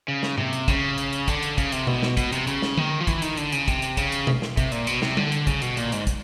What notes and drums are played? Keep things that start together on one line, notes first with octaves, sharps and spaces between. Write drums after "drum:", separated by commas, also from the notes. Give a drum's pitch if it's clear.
C#3
drum: snare
C3, drum: tom G#2
drum: hi-hat
C#3, drum: kick, hi-hat
drum: hi-hat
drum: hi-hat
D3, drum: kick, hi-hat
drum: hi-hat
C#3, drum: kick, hi-hat
C3, drum: hi-hat
B2, drum: tom B2
drum: snare
B2, drum: kick, hi-hat
C3, drum: hi-hat
C#3, drum: hi-hat
drum: snare
D#3, drum: tom D3
F3
E3, drum: kick, hi-hat
D#3, drum: hi-hat
D3, drum: hi-hat
C#3, drum: hi-hat
C3, drum: kick, hi-hat
drum: hi-hat
C#3, drum: kick, hi-hat
drum: hi-hat
drum: tom B2
drum: snare
C3, drum: kick, hi-hat
A#2, drum: hi-hat
B2, drum: hi-hat
C3, drum: snare
D3, drum: tom G3
drum: hi-hat
C#3, drum: kick, hi-hat
B2, drum: hi-hat
A#2, drum: hi-hat
G#2, drum: hi-hat
drum: kick, hi-hat